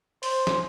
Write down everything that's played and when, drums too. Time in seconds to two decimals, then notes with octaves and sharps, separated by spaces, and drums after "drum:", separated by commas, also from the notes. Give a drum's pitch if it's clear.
0.23 C5, drum: open hi-hat
0.47 drum: snare